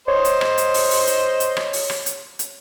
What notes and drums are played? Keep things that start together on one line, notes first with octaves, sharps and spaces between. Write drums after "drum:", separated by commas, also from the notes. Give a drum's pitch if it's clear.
C5 C#5 D#5
drum: hi-hat
drum: rim click
drum: hi-hat
drum: open hi-hat
drum: open hi-hat
drum: hi-hat
drum: hi-hat
drum: rim click
drum: open hi-hat
drum: rim click
drum: hi-hat
drum: hi-hat